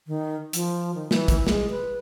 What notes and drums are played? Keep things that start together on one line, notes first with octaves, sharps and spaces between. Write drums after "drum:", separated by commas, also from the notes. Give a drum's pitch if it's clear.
D#3
F3, drum: hi-hat
D#3
E3, drum: snare
drum: kick, hi-hat
G#3, drum: snare
B4